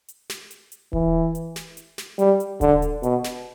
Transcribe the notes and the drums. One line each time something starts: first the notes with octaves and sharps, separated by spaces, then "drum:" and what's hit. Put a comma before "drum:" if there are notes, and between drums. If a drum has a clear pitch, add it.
drum: hi-hat
drum: snare
drum: hi-hat
drum: hi-hat
E3, drum: kick D#1
drum: hi-hat
drum: snare
drum: hi-hat
drum: snare
G3, drum: hi-hat
drum: hi-hat
D3, drum: kick D#1, hi-hat
drum: hi-hat
B2, drum: hi-hat
drum: snare